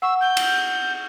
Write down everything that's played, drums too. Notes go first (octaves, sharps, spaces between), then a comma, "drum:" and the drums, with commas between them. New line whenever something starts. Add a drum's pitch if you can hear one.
F#5 C#6 E6
G6
drum: cymbal